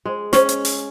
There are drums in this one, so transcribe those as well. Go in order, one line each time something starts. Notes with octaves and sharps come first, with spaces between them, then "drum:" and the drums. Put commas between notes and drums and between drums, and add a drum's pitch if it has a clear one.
G#3
C#4, drum: snare
drum: hi-hat
drum: open hi-hat